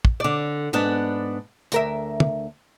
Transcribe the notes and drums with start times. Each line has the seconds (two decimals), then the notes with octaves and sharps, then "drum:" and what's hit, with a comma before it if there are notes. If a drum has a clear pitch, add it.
0.05 drum: kick
0.20 D3 D5
0.73 G#2 B3 D4
1.72 D2 A#4 E5, drum: hi-hat
2.20 drum: tom